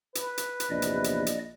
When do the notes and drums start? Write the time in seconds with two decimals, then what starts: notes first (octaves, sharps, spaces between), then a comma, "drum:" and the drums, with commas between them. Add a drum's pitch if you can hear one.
0.15 B4, drum: hi-hat
0.38 drum: hi-hat
0.60 drum: hi-hat
0.70 A#1 E2 C3 D5 D#5
0.82 drum: hi-hat
1.04 drum: hi-hat
1.26 drum: hi-hat